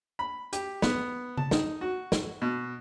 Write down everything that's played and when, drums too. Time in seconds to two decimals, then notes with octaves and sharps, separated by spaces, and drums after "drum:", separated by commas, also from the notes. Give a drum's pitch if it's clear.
0.19 B5
0.53 G4, drum: hi-hat
0.82 B3, drum: snare
1.37 A5, drum: tom C#3
1.51 D#4, drum: snare
1.81 F#4
2.12 drum: snare
2.42 B2